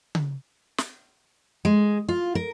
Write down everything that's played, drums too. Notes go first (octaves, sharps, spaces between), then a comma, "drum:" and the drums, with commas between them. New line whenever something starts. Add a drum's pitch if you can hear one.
drum: tom C#3
drum: snare
G#3
F4
A#4